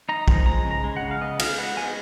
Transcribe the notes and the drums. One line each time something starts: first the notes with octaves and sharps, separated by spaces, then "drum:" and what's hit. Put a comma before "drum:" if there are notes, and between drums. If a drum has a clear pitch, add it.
D#4 A#5
F3, drum: kick B1
G#3 A#5
C#3
A#5
G#3
F#5
C#3
F5
B3 D#5
G#3 F5, drum: cymbal
B3 F#5
G#3 G#5